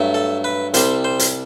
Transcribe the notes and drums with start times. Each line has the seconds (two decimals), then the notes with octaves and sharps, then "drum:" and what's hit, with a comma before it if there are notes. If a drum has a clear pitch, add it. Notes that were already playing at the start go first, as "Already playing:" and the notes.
Already playing: G2 F#3 A3
0.14 A4
0.44 B4
0.74 C2 C3 G3 C5, drum: hi-hat
1.05 C5
1.19 drum: hi-hat